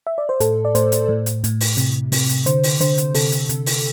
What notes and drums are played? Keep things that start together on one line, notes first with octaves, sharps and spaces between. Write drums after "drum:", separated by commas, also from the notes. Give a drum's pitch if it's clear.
E5
D5
C5
A2 A4, drum: hi-hat
D5
A2 C5, drum: hi-hat
drum: hi-hat
A2
drum: hi-hat
A2, drum: hi-hat
drum: open hi-hat
C3, drum: hi-hat
C3, drum: open hi-hat
drum: hi-hat
D3 C5, drum: hi-hat
drum: open hi-hat
D3 C5, drum: hi-hat
drum: hi-hat
C3 A4, drum: open hi-hat
drum: hi-hat
C3, drum: hi-hat
drum: open hi-hat